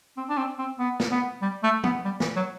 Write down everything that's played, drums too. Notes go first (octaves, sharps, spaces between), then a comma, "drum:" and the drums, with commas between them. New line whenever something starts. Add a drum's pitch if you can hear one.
C4
D4
C4
C4
B3
drum: snare
B3
G3
A3
B3, drum: tom
G3
E3, drum: snare
F#3